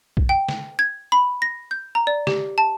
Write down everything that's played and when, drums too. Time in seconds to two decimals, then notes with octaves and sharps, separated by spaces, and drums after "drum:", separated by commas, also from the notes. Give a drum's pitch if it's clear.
0.17 drum: kick A#1
0.29 G5
0.49 drum: snare
0.79 G#6
1.12 B5
1.42 A#6
1.71 G6
1.95 A#5
2.07 D5
2.27 G4, drum: snare
2.58 A5